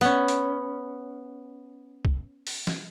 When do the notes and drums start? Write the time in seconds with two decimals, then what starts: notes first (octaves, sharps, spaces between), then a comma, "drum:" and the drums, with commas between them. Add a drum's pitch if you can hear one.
0.01 B3 C#4, drum: tambourine
0.28 drum: hi-hat
2.05 drum: kick
2.47 drum: open hi-hat
2.67 drum: snare